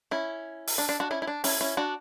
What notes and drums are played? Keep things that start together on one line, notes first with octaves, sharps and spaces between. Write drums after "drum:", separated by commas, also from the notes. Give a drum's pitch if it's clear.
C#4 E4
drum: open hi-hat
D4
D4
D4 F#4
C#4 E4
E4
D4
C#4 E4, drum: open hi-hat
C#4 E4
D4 F#4